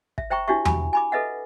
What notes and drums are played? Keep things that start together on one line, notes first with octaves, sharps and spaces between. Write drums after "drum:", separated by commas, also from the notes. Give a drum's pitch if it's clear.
E5, drum: kick
C5 E5 G5 A#5 C#6
D4 E4 F#4 G4 E5 C#6
G#5 B5, drum: tom E2
G#5 B5 D6
A4 B4 D#5 E5 F#5